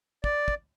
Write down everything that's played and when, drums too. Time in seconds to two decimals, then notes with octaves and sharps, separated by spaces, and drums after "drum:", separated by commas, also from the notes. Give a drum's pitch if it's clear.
0.24 D5, drum: kick
0.48 drum: kick